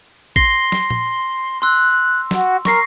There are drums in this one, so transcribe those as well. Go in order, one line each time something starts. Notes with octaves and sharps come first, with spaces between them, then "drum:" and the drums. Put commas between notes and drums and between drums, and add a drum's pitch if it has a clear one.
C6 A#6 C7 G7, drum: kick
drum: snare
drum: tom A#2
C6 E6 F#6
F#4, drum: snare
A#4 C#6 A#6 C7, drum: snare